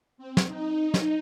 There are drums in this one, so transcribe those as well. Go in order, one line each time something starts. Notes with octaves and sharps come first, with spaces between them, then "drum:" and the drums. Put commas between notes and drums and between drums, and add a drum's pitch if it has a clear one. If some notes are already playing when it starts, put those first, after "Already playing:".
C4
drum: snare
D#4
drum: snare